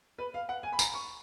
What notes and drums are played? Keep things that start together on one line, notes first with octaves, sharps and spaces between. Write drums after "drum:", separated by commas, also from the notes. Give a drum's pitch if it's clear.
B4
F5
F#5
G#5
B5
A#5, drum: tambourine
C#6